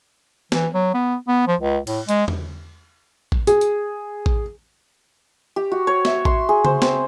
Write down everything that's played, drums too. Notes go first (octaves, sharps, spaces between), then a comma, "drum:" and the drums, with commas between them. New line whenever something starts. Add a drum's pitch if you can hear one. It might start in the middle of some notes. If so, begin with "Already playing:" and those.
E3, drum: snare
F#3
B3
B3
F3
C#2
A2, drum: cymbal
G#3, drum: hi-hat
drum: tom E2
drum: kick A1
G#4, drum: hi-hat
drum: hi-hat
drum: kick A1
G4
F#4
C#5
E5, drum: snare
C6, drum: kick A1
G#4
C5, drum: tom C#3
C4, drum: snare